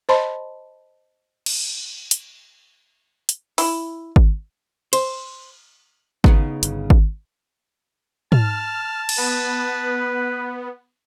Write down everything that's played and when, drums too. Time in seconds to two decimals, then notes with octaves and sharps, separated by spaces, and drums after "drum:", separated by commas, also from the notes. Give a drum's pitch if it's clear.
0.09 C5 D#5 A5 B5 C6
1.46 drum: cymbal
2.11 drum: hi-hat
3.29 drum: hi-hat
3.58 E4, drum: open hi-hat
4.16 drum: kick G#1
4.93 C5, drum: cymbal
6.24 C#3 B3 D#4, drum: kick G#1
6.63 G1, drum: hi-hat
6.90 drum: kick G#1
8.32 A5 F6, drum: tom
9.09 drum: cymbal
9.18 B3 B4